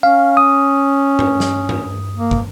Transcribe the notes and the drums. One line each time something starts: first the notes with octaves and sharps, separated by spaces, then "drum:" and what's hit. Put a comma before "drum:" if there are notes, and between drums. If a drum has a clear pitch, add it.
C#4 F5
D#6
drum: tom G2
drum: snare
drum: tom G2
A#3
drum: kick